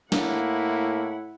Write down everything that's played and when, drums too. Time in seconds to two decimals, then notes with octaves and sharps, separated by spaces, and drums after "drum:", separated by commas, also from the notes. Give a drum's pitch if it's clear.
0.12 A2 A#3 E4 F#5, drum: snare